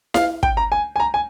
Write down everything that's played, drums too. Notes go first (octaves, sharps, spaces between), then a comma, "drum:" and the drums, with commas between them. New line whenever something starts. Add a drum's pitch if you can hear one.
F5, drum: snare E4
G5, drum: kick
A#5
G#5
G#5
A#5
G#5